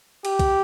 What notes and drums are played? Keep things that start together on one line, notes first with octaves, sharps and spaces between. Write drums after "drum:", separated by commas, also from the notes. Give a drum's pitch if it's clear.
G4, drum: cymbal
drum: kick B1, cymbal